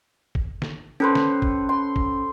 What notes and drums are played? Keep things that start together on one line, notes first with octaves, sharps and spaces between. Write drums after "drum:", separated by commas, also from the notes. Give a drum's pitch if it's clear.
drum: kick
drum: snare
C#4 A4 B4 C5
drum: snare
drum: kick
C6
drum: kick